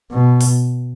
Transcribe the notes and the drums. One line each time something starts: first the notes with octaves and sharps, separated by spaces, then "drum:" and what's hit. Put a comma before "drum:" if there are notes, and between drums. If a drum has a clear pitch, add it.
B2
drum: open hi-hat